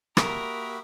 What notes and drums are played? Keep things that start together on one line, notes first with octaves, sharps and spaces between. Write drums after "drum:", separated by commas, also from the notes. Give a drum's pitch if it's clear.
A#3 F#4 G4 A#4 E5 B5 D#6, drum: rim click